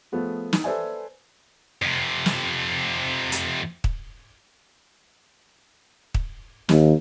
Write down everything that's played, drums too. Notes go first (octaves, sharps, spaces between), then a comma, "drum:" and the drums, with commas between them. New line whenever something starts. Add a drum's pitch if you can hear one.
F3 A3 B3 G#4
D#4, drum: snare
A4 B4 C5 D5 E5 G#5
F2 C3
drum: snare
drum: hi-hat
drum: kick
drum: kick
D#2, drum: snare